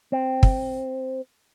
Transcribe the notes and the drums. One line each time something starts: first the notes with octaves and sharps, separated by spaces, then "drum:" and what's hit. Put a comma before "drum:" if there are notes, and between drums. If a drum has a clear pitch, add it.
C4
drum: kick